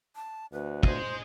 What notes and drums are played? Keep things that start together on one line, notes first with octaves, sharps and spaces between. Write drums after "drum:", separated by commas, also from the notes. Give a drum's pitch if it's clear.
A5
D2 B4
G#4 C5 D#5, drum: kick